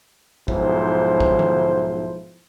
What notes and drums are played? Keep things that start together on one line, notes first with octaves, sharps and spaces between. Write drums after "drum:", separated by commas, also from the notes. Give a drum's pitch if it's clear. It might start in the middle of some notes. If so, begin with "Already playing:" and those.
B1 G#2 F3 E4 C5, drum: kick
drum: kick
drum: tom D3